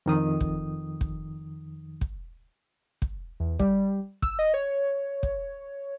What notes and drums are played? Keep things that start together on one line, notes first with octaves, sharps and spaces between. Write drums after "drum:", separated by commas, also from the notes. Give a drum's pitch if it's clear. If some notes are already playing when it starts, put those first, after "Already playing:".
F2 D#3 D#6
drum: kick
drum: kick
drum: kick
drum: kick
E2
G3, drum: kick
E6, drum: kick
D#5
C#5
drum: kick